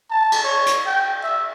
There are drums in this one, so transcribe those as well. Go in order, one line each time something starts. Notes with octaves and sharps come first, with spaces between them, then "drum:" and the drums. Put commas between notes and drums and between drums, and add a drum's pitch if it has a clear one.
A5
drum: cymbal
C#5
drum: hi-hat
G5
E5